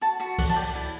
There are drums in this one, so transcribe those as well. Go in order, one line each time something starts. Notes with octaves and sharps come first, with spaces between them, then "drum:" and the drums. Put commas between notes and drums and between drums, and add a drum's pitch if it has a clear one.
F#4 A5
F#4 B5
D5 F#5, drum: kick C2, open hi-hat
A5
D5 G5
E4 A5